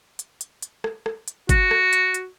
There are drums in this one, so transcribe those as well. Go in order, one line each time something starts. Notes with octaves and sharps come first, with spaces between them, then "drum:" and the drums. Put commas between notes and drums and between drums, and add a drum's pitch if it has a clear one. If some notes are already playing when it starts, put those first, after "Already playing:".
drum: hi-hat
drum: hi-hat
drum: hi-hat
drum: rim click
drum: rim click
drum: hi-hat
F#4, drum: kick, hi-hat
drum: rim click
drum: hi-hat
drum: hi-hat